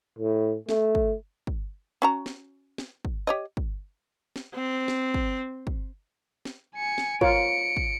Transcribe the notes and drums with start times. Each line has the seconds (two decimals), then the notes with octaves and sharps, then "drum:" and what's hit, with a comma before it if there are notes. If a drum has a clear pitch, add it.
0.19 A2
0.69 A3, drum: snare
0.95 drum: kick
1.47 drum: kick
2.02 C#4 F#4 A#5
2.26 drum: snare
2.78 drum: snare
3.05 drum: kick
3.27 G4 C#5 D#5
3.57 drum: kick
4.36 drum: snare
4.54 C4
4.88 drum: snare
5.14 drum: kick
5.67 drum: kick
6.45 drum: snare
6.75 G#5 C#7
6.98 drum: snare
7.21 F4 A#4 C#5 C#7 D7, drum: kick
7.77 drum: kick